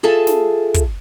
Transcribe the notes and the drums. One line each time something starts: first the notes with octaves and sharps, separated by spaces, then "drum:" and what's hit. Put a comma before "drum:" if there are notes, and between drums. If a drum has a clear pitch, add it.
F4 G#4 A4 E5 A5
drum: snare
drum: kick, hi-hat